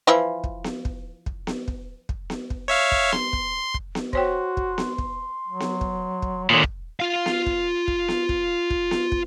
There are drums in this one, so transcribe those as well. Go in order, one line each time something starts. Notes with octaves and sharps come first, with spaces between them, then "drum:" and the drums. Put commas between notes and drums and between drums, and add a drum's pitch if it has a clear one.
E3 F3 E4
drum: kick
drum: snare B3
drum: kick
drum: kick
drum: snare B3
drum: kick
drum: kick
drum: snare B3
drum: kick
C#5 E5 F5
drum: kick
C6, drum: snare B3
drum: kick
drum: kick
drum: snare B3
F#4 C5 C#5 G5 C6, drum: kick
drum: kick
drum: snare B3
drum: kick
F#3
drum: snare B3
drum: kick
drum: kick
A#2 D3 D#3 C#5 D#6
drum: kick
F4 F5
drum: snare B3
drum: kick
drum: kick
drum: snare B3
drum: kick
drum: kick
drum: snare B3
drum: kick